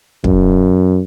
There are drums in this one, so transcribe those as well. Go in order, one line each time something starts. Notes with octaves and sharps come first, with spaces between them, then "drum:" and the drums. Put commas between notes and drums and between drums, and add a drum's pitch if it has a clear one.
F#2, drum: kick